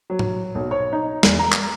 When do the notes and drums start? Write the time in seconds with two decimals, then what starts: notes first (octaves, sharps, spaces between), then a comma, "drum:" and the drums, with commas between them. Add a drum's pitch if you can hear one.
0.10 F#3
0.19 drum: tom G#2
0.55 B1
0.71 C#5
0.93 D#4
1.23 E2, drum: snare
1.39 A#5
1.53 drum: clap